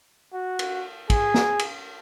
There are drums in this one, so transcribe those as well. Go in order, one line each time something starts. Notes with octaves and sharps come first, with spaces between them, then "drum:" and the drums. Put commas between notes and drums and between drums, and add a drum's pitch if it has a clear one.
F#4
drum: cymbal
G#4, drum: kick, cymbal
drum: snare
drum: cymbal